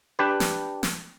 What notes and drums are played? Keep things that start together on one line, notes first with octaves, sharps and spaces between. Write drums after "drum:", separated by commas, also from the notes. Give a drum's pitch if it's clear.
D4 G4 B4
drum: snare
drum: snare